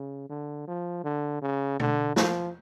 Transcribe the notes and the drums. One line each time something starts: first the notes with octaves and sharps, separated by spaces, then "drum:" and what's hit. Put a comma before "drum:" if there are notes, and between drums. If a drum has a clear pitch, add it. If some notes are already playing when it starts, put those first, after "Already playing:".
Already playing: C#3
D3
F3
D3
C#3
D3, drum: tom B2
F3, drum: snare